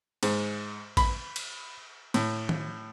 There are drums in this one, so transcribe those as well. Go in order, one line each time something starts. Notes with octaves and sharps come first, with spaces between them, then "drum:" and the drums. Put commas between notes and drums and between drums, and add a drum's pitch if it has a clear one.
G#2, drum: cymbal
B5, drum: kick A1, cymbal
drum: cymbal
A2, drum: cymbal
drum: tom D#3